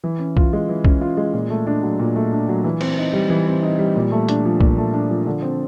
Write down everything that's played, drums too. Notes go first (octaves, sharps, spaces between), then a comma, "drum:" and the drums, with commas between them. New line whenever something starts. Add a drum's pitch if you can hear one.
E3
C#4
F4, drum: kick
G#3
E3
C#4, drum: kick
F4
G#3
A#2
A3
D4
F#3
A#2
A3
D4
F#3
E3
C4, drum: cymbal
D#4
G3
E3
C4
D#4
G3
A#2
A3
D4, drum: hi-hat
F3
A#2, drum: kick
A3
D4
F3
D3
C4